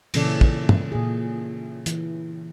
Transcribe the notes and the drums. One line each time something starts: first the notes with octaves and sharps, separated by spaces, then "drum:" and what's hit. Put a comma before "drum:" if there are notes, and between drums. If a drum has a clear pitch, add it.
A#2 C#3 E3 C#4 A4 D5, drum: cymbal
drum: kick
drum: tom
A#2 G#4
E3, drum: hi-hat